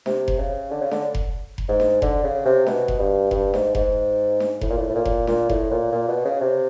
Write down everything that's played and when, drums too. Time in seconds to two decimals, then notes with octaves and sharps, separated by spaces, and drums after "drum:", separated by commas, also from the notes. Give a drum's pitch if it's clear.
0.06 C3, drum: snare D4
0.28 drum: kick F1
0.38 C#3
0.71 D3
0.81 C#3
0.91 D3, drum: snare D4
1.15 drum: kick F1
1.58 drum: kick F1
1.68 G#2
1.80 drum: snare D4
2.02 D3, drum: kick F1
2.24 C#3
2.45 C3
2.66 B2, drum: snare D4
2.88 drum: kick F1
2.99 G2
3.31 G2, drum: kick F1
3.54 G#2, drum: snare D4
3.75 G#2, drum: kick F1
4.40 drum: snare D4
4.61 A2, drum: kick F1
4.70 A#2
4.78 A2
4.89 A2
4.94 A#2
5.05 drum: kick F1
5.27 A#2, drum: snare D4
5.49 A2, drum: kick F1
5.71 A#2
5.92 A#2
6.08 B2
6.25 C#3
6.41 C3